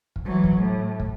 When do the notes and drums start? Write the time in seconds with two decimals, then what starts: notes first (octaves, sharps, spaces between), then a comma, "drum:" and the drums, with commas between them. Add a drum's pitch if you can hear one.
0.16 drum: kick
0.25 E3 F#3
0.44 drum: kick
0.58 A2
1.00 drum: kick